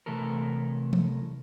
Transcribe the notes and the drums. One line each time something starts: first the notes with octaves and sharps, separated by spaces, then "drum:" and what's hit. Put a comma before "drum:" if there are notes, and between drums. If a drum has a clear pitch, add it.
C3 E3 A3 A4 A#4
drum: tom E3